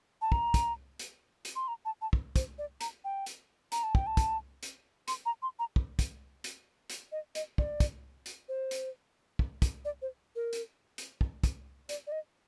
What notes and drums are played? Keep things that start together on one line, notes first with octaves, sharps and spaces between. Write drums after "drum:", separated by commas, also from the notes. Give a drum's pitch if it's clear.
A5
A#5, drum: kick
drum: kick, hi-hat
drum: hi-hat
drum: hi-hat
C6
A#5
A5
A5
drum: kick
C5, drum: kick, hi-hat
D5
A#5, drum: hi-hat
G5
drum: hi-hat
A#5, drum: hi-hat
A5
G5, drum: kick
A5
drum: kick, hi-hat
drum: hi-hat
C6, drum: hi-hat
A#5
C6
A#5
drum: kick
drum: kick, hi-hat
drum: hi-hat
drum: hi-hat
D#5
D#5, drum: hi-hat
D5, drum: kick
drum: kick, hi-hat
drum: hi-hat
C5
drum: hi-hat
drum: kick
drum: kick, hi-hat
D5
C5
A#4
drum: hi-hat
drum: hi-hat
drum: kick
drum: kick, hi-hat
D5, drum: hi-hat
D5
D#5